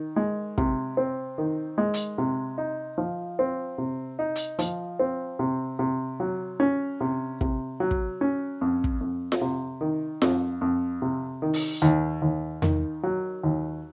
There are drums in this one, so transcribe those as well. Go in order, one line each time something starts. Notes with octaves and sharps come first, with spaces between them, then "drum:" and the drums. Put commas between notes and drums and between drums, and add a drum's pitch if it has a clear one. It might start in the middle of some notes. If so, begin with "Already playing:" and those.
Already playing: D#3
G#3
C3, drum: kick
C4
D#3
G#3
drum: hi-hat
C3
D#4
F3
C4
C3
D#4
drum: hi-hat
F3, drum: hi-hat
C4
C3
C3
F#3
C#4
C3
C3, drum: kick
F#3
drum: kick
C#4
F2
drum: kick
F2
drum: snare F4
C3
D#3
F2, drum: snare F4
F2
C3
D#3
drum: open hi-hat
D#2
D#2
D#3, drum: tom E2
F#3
D#2